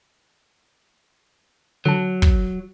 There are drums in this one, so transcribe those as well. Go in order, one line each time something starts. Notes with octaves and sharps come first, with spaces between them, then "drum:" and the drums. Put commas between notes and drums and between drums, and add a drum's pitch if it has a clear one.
D3 F#3 A5
drum: kick